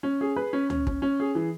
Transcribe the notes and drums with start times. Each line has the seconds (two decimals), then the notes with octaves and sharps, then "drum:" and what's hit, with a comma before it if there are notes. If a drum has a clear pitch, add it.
0.03 C#4
0.21 G#4
0.36 B4
0.53 C#4
0.70 C#4, drum: tom C#2
0.87 C#4, drum: kick
1.02 C#4
1.20 G#4
1.35 E3